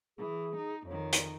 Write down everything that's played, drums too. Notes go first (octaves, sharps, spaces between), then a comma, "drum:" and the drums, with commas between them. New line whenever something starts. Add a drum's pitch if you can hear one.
E3 G#4
D#4
F2 D#3 C#5
drum: hi-hat